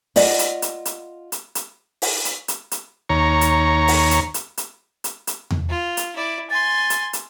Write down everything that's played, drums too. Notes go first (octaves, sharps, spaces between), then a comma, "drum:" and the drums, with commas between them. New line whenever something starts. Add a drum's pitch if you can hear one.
F4 D5 D#5 F#5, drum: open hi-hat
drum: hi-hat
drum: hi-hat
drum: hi-hat
drum: hi-hat
drum: hi-hat
drum: open hi-hat
drum: hi-hat
drum: hi-hat
drum: hi-hat
D#2 C#5 A#5
drum: hi-hat
drum: open hi-hat
drum: hi-hat
drum: hi-hat
drum: hi-hat
drum: hi-hat
drum: hi-hat
drum: tom E2
F4
drum: hi-hat
E4 D5
G#5 C6 A6
drum: hi-hat
drum: hi-hat